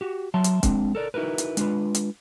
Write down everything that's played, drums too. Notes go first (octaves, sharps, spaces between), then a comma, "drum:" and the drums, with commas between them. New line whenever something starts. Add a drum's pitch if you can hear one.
F#4 G4
F#3 E5 A5 C6
drum: hi-hat
G#3 C4 D4, drum: kick C#1, hi-hat
A4 A#4 D5
D#4 E4 F#4 A#4 B4
drum: hi-hat
G#3 D4 F4 B4, drum: hi-hat
drum: hi-hat